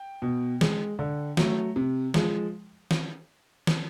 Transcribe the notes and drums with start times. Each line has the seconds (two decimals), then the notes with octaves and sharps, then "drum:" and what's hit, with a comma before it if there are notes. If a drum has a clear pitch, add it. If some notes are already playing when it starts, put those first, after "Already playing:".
Already playing: G5
0.22 B2
0.61 G#3, drum: snare
0.99 D3
1.37 F#3 A3, drum: snare
1.76 C3
2.14 F3 G#3, drum: snare
2.91 drum: snare
3.67 drum: snare